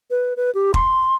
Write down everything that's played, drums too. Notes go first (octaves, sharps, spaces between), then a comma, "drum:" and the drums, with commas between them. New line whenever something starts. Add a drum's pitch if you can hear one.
B4
B4
G4
C6, drum: kick